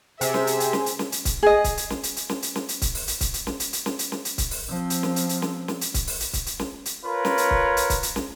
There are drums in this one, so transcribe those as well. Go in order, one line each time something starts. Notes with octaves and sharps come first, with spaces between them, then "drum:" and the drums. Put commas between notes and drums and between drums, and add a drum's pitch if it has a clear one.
C3 G#4 C5 E5 G#5, drum: hi-hat
drum: snare
drum: hi-hat
drum: hi-hat
drum: snare
drum: hi-hat
drum: snare
drum: hi-hat
drum: kick C#1, hi-hat
G#4 D#5
drum: kick C#1, hi-hat
drum: hi-hat
drum: snare
drum: hi-hat
drum: hi-hat
drum: snare
drum: hi-hat
drum: snare
drum: hi-hat
drum: kick C#1, hi-hat
drum: open hi-hat
drum: hi-hat
drum: kick C#1, hi-hat
drum: hi-hat
drum: snare
drum: hi-hat
drum: hi-hat
drum: snare
drum: hi-hat
drum: snare
drum: hi-hat
drum: kick C#1, hi-hat
drum: open hi-hat
F3 C4
drum: hi-hat
drum: snare
drum: hi-hat
drum: hi-hat
drum: snare
drum: snare
drum: hi-hat
drum: kick C#1, hi-hat
drum: open hi-hat
drum: hi-hat
drum: kick C#1, hi-hat
drum: hi-hat
drum: snare
drum: hi-hat
F4 A#4 B4 C#5
drum: snare
drum: hi-hat
drum: kick C#1
drum: hi-hat
drum: kick C#1, hi-hat
drum: hi-hat
drum: snare